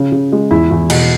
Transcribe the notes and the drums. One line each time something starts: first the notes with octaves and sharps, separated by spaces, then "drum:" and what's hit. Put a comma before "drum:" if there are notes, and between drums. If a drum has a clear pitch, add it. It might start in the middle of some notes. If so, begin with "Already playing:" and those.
Already playing: C#3
C#3
G#3
E2 E4
E2
B2, drum: cymbal